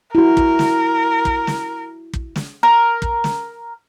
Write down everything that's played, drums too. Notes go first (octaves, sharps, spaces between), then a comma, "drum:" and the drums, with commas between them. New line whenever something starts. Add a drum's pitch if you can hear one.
E4 F#4 A#4
drum: kick
drum: snare
drum: kick
drum: snare
drum: kick
drum: snare
A#4
drum: kick
drum: snare